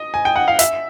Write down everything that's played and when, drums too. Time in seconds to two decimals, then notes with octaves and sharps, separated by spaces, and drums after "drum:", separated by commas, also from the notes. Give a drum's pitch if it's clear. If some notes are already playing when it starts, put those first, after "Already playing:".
Already playing: D#5
0.14 G#5
0.25 G5
0.36 F#5
0.48 F5
0.59 E5, drum: hi-hat